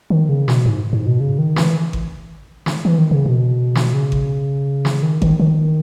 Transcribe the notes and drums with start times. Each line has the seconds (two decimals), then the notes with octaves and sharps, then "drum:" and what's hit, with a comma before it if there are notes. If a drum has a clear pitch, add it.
0.10 D#3
0.29 C#3
0.48 B2, drum: snare
0.66 G#2
0.93 G#2
1.06 B2
1.20 C#3
1.39 D#3
1.56 E3, drum: snare
1.93 drum: kick G#1
2.66 drum: snare
2.85 E3
2.98 D#3
3.11 C#3
3.26 B2
3.75 drum: snare
3.94 C#3
4.12 drum: kick G#1
4.85 drum: snare
5.03 D#3
5.22 D#3, drum: kick G#1
5.40 D#3